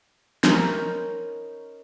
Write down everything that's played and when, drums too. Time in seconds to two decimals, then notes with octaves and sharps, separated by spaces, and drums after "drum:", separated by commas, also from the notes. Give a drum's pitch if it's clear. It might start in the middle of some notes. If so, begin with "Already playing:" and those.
0.44 C#4 D#4 A#4 C5 C#5 B5, drum: snare